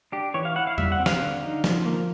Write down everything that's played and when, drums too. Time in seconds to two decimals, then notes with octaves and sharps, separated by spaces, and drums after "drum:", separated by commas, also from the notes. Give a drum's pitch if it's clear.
0.12 D4 G4
0.34 E3 C#5
0.45 F5
0.56 E4 F#5
0.67 F5
0.78 G3 E5, drum: tom E2
0.92 F#5
0.99 C4
1.06 F5, drum: snare
1.21 D3
1.43 D#4
1.64 F3, drum: snare
1.85 A#3